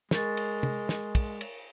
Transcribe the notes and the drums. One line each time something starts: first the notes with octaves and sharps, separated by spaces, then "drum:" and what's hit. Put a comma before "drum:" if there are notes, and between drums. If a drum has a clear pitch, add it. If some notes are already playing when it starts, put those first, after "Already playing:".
G#3 A#4 C#6 A6, drum: snare
drum: cymbal
drum: tom
drum: snare
drum: kick, cymbal
drum: cymbal